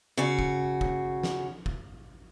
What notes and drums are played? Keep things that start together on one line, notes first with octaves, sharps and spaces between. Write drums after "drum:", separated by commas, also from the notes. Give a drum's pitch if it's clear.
C#3 F#4
drum: kick
drum: kick
drum: snare
drum: kick